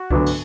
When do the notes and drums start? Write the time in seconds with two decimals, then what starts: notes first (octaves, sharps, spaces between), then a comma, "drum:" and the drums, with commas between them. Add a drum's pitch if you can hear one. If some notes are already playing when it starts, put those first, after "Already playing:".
Already playing: F#4
0.11 D2 D3 F#3 B3 D4, drum: kick C#2
0.26 drum: cymbal